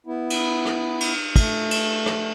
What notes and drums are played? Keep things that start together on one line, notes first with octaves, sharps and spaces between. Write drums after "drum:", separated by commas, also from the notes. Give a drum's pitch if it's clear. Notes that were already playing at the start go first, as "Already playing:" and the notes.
B3 E4
drum: cymbal
drum: rim click
drum: cymbal
A3, drum: kick, cymbal
drum: cymbal
drum: rim click